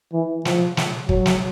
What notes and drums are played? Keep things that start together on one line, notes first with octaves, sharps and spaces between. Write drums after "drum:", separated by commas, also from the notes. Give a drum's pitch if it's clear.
E3
F3, drum: snare
drum: snare
F#3, drum: kick
drum: snare